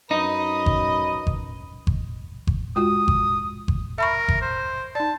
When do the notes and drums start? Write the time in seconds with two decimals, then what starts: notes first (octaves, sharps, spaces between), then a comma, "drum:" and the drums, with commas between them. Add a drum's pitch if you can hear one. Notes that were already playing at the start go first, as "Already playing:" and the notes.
0.11 F#2 D#4 B4 D#5
0.66 drum: kick G1
1.27 drum: kick G1
1.87 drum: kick G1
2.47 drum: kick G1
2.76 G#3 F4 F#4 D#6
3.08 drum: kick G1
3.68 drum: kick G1
3.98 A#4 E5 B5 C#6
4.28 drum: kick G1
4.41 C5
4.95 D#4 D5 A5